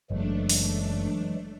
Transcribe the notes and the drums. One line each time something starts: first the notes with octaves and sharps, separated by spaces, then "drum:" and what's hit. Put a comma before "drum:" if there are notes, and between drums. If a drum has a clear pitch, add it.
F#1 E3 F#3 G#3 A3 D4
drum: open hi-hat